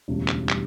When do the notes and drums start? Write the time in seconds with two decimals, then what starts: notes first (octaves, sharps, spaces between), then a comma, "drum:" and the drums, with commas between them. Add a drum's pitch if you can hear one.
0.08 E1 D2 C#3 G3 D4
0.28 drum: clap
0.49 C#3 G3 D4, drum: clap